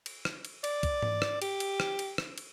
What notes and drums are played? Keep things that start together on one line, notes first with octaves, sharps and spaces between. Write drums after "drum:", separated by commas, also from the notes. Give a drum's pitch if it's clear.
drum: cymbal
drum: rim click
drum: cymbal
D5, drum: cymbal
drum: kick, cymbal
drum: tom G#2
drum: rim click
G4, drum: cymbal
drum: cymbal
drum: rim click
drum: cymbal
drum: rim click
drum: cymbal